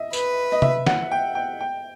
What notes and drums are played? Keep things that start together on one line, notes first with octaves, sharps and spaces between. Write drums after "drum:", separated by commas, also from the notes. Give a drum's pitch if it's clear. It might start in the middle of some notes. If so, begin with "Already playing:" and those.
Already playing: D#5 E5
B4, drum: tambourine
D#5
E5, drum: tom C3
F#5, drum: snare
G5
G5
G5